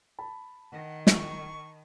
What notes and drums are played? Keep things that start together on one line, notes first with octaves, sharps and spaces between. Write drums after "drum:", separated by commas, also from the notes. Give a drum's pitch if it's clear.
A5 B5
D#3 F#5
C#6, drum: snare